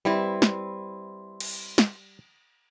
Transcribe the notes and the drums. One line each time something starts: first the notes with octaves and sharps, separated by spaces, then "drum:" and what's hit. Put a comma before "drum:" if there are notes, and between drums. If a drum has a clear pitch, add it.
G3 C4 E4 B4
drum: snare
drum: cymbal
drum: snare